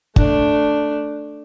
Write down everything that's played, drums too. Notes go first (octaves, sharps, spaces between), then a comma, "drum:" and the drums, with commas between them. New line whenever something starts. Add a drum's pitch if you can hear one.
A3 D4, drum: kick